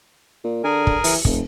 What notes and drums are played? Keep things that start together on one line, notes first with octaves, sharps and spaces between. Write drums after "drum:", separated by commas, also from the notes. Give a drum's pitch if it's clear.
A#2
D3 G#4 A#4 G#5
drum: kick
E3, drum: open hi-hat
F1, drum: kick